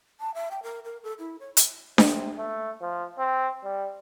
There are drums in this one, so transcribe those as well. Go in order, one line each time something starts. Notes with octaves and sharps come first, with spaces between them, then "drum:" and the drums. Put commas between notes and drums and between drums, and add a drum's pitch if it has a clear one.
A5
E5
G5
A#4
A#4
A4
E4
C#5
drum: hi-hat
C3, drum: snare D4
A3
F3
C4
G3